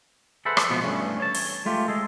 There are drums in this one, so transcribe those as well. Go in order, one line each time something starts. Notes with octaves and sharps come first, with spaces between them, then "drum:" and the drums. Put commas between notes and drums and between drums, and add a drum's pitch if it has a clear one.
G#4 A4 B4 C5 E5 F#5
drum: rim click
B2 F3 G#3 B3
E2 G2 A3 C#4
C#5 A5
drum: open hi-hat
G#3 A3 F4 G4
G#3 G#4 A4